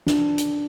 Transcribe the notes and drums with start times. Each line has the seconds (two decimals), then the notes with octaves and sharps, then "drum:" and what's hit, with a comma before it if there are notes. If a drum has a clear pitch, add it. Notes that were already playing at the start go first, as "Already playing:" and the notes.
0.07 D4, drum: snare
0.38 drum: hi-hat